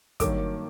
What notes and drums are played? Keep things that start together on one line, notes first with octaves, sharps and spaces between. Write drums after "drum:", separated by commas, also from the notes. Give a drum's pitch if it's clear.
G2 D#3 F#3 A#3 D6, drum: kick, hi-hat